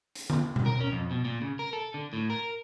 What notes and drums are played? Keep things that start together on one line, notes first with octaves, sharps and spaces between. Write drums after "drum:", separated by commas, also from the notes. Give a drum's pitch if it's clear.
drum: hi-hat
drum: tom D3
drum: tom B2
A#4
C#4
F2
B2
A#2
C#3
A#4
A4
D3
A2
A#4